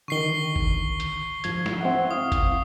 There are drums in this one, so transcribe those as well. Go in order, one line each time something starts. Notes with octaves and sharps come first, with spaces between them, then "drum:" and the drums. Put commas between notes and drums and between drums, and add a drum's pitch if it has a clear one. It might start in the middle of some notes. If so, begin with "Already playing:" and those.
D3 D#3 C#6 C7 G7
drum: kick G1
drum: hi-hat
G#2 F3 G#6, drum: hi-hat
drum: snare
C4 E5 F#5
E4 F5 D#6
drum: kick G1, hi-hat